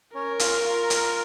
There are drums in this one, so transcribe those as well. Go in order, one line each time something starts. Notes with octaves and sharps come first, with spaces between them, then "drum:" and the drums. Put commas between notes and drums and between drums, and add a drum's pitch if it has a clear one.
C#4 A#4 C#5
F4 F5, drum: hi-hat
F4 F5
drum: hi-hat